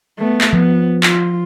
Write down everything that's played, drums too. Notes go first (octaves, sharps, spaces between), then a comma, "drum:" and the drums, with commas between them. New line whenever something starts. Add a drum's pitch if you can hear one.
A3 B3
drum: clap
F3 B3
F4, drum: clap